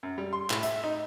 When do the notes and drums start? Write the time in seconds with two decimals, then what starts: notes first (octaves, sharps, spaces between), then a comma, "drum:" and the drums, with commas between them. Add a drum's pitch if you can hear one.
0.03 F#2
0.18 G3
0.33 C6
0.50 A2, drum: clap
0.63 E5, drum: hi-hat
0.84 D#4